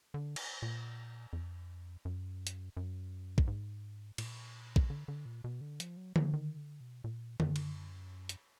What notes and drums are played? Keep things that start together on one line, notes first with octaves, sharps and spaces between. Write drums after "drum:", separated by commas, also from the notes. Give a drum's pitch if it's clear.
D3
drum: cymbal
A#2
F2
F#2
drum: hi-hat
F#2
drum: kick A#1
G#2
A#2, drum: cymbal
drum: kick A#1
D3
D3
A#2
B2
D3
F3, drum: hi-hat
F#3
F3, drum: tom D3
D#3
D3
B2
A#2
F#2, drum: tom D3
drum: cymbal
drum: hi-hat